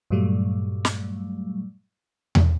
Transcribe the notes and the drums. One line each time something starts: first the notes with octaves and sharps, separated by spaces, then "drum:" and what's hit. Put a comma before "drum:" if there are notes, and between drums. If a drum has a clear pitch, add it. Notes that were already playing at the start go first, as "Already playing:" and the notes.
G2 A#2 F#3 G3 A3
drum: snare
drum: tom E2